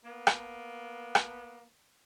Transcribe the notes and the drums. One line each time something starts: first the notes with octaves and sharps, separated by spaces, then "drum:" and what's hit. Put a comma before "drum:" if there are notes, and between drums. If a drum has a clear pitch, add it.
A#3 B3
drum: rim click
drum: rim click